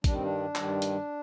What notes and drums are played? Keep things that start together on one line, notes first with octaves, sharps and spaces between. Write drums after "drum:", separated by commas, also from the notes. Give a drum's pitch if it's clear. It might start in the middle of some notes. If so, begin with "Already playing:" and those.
G2 D#3 G3 D4, drum: kick, hi-hat
C4
D4
G2 D#3 G3, drum: clap
drum: hi-hat